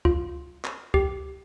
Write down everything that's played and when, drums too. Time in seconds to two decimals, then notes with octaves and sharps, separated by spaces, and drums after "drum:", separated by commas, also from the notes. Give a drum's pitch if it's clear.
0.05 F4, drum: kick C#2
0.64 drum: clap
0.94 G4, drum: kick C#2